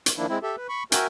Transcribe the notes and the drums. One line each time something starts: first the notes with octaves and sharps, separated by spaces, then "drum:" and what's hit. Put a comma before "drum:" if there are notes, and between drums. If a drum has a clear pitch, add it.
drum: hi-hat
D#3 F3 A#3 D4 E4
G#3 C4 E4
G4 A4 E5
B4
B5 C#6
F#4 A#4 E5 G5 G#5, drum: hi-hat